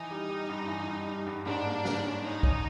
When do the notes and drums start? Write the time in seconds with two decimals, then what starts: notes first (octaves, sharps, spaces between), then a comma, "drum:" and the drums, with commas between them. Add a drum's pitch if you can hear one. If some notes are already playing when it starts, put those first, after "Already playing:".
Already playing: E3 D#4
0.11 G3
0.29 G3
0.49 G2
0.68 E3
0.87 G2
1.07 G3
1.27 G2
1.46 G#2 D4
1.66 A#3
1.85 A#3, drum: snare
2.05 C#4
2.24 C#4 D#4
2.43 C#4, drum: kick